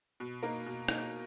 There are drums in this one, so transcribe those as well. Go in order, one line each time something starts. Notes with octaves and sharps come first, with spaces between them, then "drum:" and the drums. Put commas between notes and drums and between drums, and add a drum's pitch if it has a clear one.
B2
A#3 D#4 A#4
B2
A#3 D#4 A#4, drum: rim click